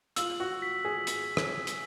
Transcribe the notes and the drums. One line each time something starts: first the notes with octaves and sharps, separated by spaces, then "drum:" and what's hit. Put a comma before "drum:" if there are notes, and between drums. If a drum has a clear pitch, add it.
F4 E6, drum: hi-hat
F#4
B6
G#4
drum: hi-hat
drum: rim click
drum: hi-hat